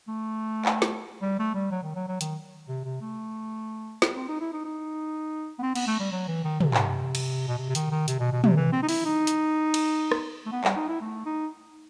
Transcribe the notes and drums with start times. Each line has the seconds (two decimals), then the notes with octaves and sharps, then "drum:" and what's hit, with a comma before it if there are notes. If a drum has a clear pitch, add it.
0.08 A3
0.65 drum: clap
0.82 drum: snare
1.22 G3
1.39 A3
1.55 G3
1.71 F#3
1.83 D#3
1.95 F#3
2.08 F#3
2.21 D#3, drum: hi-hat
2.69 C3
2.85 C3
3.01 A3
4.02 drum: snare
4.16 C4
4.28 D#4
4.41 E4
4.53 D#4
4.65 D#4
5.59 B3
5.63 C4
5.75 B3, drum: cymbal
5.87 A3
6.00 G3
6.12 F#3
6.28 E3
6.44 D#3
6.60 C3, drum: tom
6.74 drum: clap
7.15 drum: cymbal
7.48 B2
7.58 C3
7.69 C3
7.75 D#3, drum: hi-hat
7.91 D#3
8.08 C3, drum: hi-hat
8.20 B2
8.32 B2
8.44 C3, drum: tom
8.56 E3
8.72 C4
8.83 D#4
8.89 E4, drum: open hi-hat
9.05 D#4
9.27 drum: hi-hat
9.74 drum: cymbal
10.12 drum: rim click
10.46 A3
10.52 B3
10.64 G3, drum: clap
10.76 D#4
10.89 E4
11.01 A3
11.26 D#4